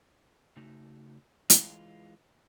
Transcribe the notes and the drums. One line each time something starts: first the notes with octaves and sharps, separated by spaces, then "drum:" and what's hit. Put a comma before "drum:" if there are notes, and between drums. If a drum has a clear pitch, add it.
C#3 A3 D#4 F#4
E3 G#3 F4, drum: hi-hat